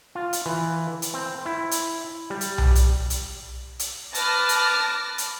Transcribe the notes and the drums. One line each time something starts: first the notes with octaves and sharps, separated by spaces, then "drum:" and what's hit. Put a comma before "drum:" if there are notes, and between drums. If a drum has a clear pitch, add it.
F4
drum: hi-hat
E3
drum: hi-hat
C4
E4
drum: hi-hat
G3
drum: hi-hat
drum: tom B1
drum: hi-hat
drum: hi-hat
drum: hi-hat
B4 A5 D6 F6 A#6, drum: hi-hat
drum: hi-hat
drum: hi-hat